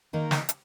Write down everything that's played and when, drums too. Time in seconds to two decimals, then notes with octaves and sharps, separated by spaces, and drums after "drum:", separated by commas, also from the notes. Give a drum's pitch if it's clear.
0.13 D#3 A#3 D#4 A#4
0.31 drum: snare
0.49 drum: hi-hat